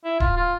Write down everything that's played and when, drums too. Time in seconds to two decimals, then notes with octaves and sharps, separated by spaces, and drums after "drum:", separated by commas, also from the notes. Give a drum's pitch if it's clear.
0.05 E4
0.20 F4, drum: kick D1
0.37 F4